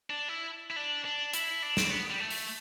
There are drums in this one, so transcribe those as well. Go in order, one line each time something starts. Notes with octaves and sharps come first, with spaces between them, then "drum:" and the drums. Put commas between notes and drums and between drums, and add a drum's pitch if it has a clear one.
D4
E4
E4
D4
D4
E4, drum: hi-hat
D4
C4, drum: snare
B3
G3
A3
drum: open hi-hat